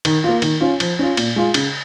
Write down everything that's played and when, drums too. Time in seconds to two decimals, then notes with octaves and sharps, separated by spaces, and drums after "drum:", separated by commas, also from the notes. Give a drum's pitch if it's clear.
0.05 D#3, drum: cymbal
0.24 A#3 F4
0.42 D#3, drum: cymbal
0.61 C#4 F4
0.80 F3, drum: cymbal
0.99 C#4 F4
1.17 A#2, drum: cymbal
1.36 G#3 F4
1.54 C#3, drum: cymbal